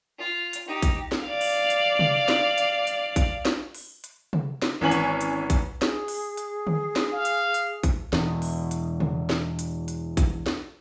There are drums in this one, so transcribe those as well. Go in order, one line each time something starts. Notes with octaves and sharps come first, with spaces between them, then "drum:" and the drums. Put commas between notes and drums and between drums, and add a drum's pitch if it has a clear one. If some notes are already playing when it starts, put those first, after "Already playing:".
F4
drum: hi-hat
D#4 G4
drum: kick A#1, hi-hat
drum: snare
D5 F5
drum: open hi-hat
drum: hi-hat
drum: tom C3
drum: snare
drum: hi-hat
drum: hi-hat
drum: kick A#1, hi-hat
drum: snare
drum: open hi-hat
drum: hi-hat
drum: tom C3
drum: snare
G#1 E3 B3 C#4 G#5 F#7
drum: hi-hat
drum: hi-hat
drum: kick A#1, hi-hat
G#4, drum: snare
drum: open hi-hat
drum: hi-hat
drum: tom D3
drum: snare
F5
drum: hi-hat
drum: hi-hat
drum: kick A#1, hi-hat
E2 B2, drum: snare
drum: open hi-hat
drum: hi-hat
drum: tom C3
drum: snare
drum: hi-hat
drum: hi-hat
drum: kick A#1, hi-hat
drum: snare